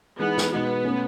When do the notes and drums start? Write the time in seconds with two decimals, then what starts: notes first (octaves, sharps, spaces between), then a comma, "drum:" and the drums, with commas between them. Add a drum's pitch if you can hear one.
0.18 E3 G#3 B3 D#4 G#4
0.38 drum: snare
0.51 B2 G#3 B3 D#4 F#4
0.84 B2 A3 C#4